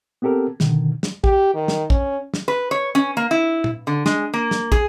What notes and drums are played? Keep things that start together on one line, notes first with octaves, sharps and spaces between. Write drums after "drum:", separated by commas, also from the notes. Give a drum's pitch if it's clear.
B3 C4 G4 A4 A#4
B2 D3 D#3, drum: snare
drum: snare
G4, drum: kick
D#3
drum: snare
C#4, drum: kick
drum: snare
B4
C#5
C#4
A#3
E4
drum: tom A#2
D3
G#3, drum: snare
A#3
drum: snare
G#4, drum: kick